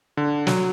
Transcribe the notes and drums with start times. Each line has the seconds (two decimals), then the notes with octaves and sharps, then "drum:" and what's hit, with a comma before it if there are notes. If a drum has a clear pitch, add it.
0.17 D3
0.47 F#3, drum: snare